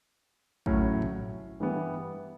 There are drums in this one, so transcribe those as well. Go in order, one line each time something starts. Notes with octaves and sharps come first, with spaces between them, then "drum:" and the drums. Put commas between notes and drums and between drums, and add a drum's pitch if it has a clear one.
A2 F#3 C#4 E4, drum: kick A1
drum: tom G#2
G2 E3 G3 B3 E4